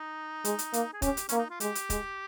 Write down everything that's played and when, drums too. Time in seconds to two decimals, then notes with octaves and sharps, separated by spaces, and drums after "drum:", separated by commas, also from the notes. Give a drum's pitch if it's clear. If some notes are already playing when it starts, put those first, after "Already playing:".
Already playing: D#4
0.45 G#3, drum: hi-hat
0.59 drum: hi-hat
0.73 A#3, drum: hi-hat
0.93 G#4
1.02 C#4 G4, drum: kick, hi-hat
1.17 drum: hi-hat
1.29 A#3 C#4, drum: hi-hat
1.38 D#4
1.50 F4
1.60 G#3 G4, drum: hi-hat
1.75 drum: hi-hat
1.90 G#3, drum: kick, hi-hat